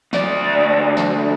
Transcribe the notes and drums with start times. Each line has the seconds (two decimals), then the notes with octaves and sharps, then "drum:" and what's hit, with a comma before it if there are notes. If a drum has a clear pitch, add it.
0.13 D2 D5, drum: snare
0.97 drum: snare